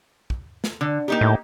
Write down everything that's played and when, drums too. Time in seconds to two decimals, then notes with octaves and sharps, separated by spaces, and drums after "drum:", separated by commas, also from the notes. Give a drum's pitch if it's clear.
0.30 drum: kick
0.64 drum: snare
0.81 D3
1.08 A#3 D#4 G4
1.21 A2